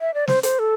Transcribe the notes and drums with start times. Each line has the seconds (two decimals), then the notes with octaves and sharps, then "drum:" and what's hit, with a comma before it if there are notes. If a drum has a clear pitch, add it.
0.01 E5
0.14 D5
0.27 C5, drum: snare
0.43 C5, drum: hi-hat
0.59 A4